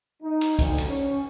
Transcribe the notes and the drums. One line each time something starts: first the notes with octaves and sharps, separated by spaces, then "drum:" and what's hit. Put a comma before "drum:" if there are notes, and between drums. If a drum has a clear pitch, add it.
D#4
drum: cymbal
D2, drum: kick, cymbal
drum: cymbal
C#4